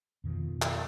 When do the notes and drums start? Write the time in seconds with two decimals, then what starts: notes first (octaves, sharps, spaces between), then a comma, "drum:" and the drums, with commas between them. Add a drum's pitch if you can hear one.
0.24 F2 B2 D#3 F3
0.62 drum: clap